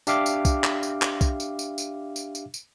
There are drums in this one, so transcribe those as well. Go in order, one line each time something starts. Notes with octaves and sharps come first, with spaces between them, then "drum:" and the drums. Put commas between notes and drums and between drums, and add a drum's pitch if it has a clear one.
D4 G4 E5 F5 D6, drum: tambourine
drum: tambourine
drum: kick, tambourine
drum: clap
drum: tambourine
drum: clap
drum: kick, tambourine
drum: tambourine
drum: tambourine
drum: tambourine
drum: tambourine
drum: tambourine
drum: tambourine